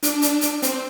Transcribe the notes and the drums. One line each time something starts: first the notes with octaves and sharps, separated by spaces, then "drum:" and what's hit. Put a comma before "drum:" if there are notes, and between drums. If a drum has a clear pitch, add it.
D4, drum: hi-hat
drum: hi-hat
drum: hi-hat
C4, drum: hi-hat